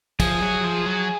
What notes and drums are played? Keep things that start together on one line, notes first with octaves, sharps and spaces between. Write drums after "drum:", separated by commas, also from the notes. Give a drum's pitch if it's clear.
F3 G#4, drum: kick, cymbal
F#3
F3
F#3